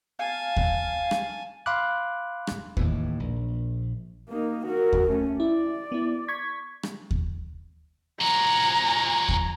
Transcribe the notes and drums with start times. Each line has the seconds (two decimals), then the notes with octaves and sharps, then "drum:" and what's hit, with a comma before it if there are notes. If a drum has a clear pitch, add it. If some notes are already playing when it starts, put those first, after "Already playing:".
0.19 F5 G#5 A5
0.56 drum: kick D#2
1.11 drum: rim click
1.66 F5 B5 C6 D6 F#6
2.47 drum: rim click
2.77 D#2 A2 E3, drum: kick D#2
3.20 A#1
4.28 A#3 D#4
4.65 F#4 A#4
4.93 drum: kick D#2
5.09 A3 C#4
5.40 E4 D5
5.92 B3 E4
6.28 C#6 G#6 B6
6.83 drum: rim click
7.11 drum: kick D#2
8.21 F3 F#4 G#5 A#5
9.29 drum: kick D#2